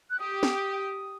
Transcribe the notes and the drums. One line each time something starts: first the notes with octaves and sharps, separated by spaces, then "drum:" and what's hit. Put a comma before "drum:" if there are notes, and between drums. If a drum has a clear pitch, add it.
F#6
G4 D#6
drum: snare